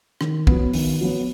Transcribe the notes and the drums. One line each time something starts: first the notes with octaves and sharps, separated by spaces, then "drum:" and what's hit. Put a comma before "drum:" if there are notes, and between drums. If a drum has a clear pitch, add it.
D#3, drum: rim click
F#3 B3, drum: kick
D#3, drum: open hi-hat
F#3 B3